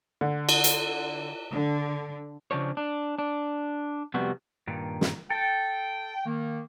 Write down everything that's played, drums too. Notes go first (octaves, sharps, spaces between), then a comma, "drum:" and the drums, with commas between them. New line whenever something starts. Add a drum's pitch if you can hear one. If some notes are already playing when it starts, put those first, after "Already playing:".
D3
drum: cymbal
drum: hi-hat
D3
C#3 F3 D4 C#5
D4
D4
F2 C3 G3 B3 F#4
G2 A#2 D#3
drum: snare
A4 G5
D#3 A#3